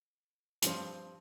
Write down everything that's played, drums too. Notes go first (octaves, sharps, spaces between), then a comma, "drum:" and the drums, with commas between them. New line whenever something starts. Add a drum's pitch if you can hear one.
G2 F3 C4, drum: hi-hat